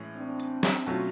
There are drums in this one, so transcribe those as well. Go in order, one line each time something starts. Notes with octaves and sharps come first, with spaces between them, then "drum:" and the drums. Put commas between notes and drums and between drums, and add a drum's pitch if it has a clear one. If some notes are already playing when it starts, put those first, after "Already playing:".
Already playing: A2 E3 G#3 C#4
C4 D4
drum: hi-hat
drum: snare
B2 F#3 A3 C#4 F4, drum: hi-hat